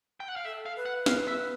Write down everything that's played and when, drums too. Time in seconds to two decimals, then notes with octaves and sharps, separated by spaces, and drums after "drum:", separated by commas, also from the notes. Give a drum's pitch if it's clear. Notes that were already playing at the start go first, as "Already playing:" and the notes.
0.20 G5
0.28 F#5
0.36 F5
0.45 A4 E5
0.66 F5
0.76 B4
0.86 F#5
1.06 F5, drum: snare
1.27 E5